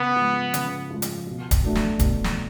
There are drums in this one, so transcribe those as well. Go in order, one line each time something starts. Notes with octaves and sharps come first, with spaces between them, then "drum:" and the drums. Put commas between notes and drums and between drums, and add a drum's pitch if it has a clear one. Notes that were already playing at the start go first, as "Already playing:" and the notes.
Already playing: C#3 B3
F3 G#3
C#3, drum: hi-hat
F3 G#3
drum: hi-hat
B2
drum: kick D1, hi-hat
F#3 A3 D4 F#4
drum: snare
B2, drum: kick D1, hi-hat
drum: snare